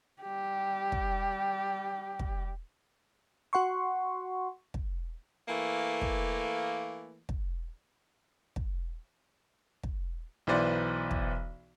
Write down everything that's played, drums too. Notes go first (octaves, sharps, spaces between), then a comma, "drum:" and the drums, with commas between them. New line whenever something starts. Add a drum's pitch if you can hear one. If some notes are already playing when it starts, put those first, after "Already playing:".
G3 G4
drum: kick
drum: kick
F#4 F#5 C6 C#6
drum: kick
E3 A3 A#3
drum: kick
drum: kick
drum: kick
drum: kick
B1 E3 B3 C5 D5
drum: kick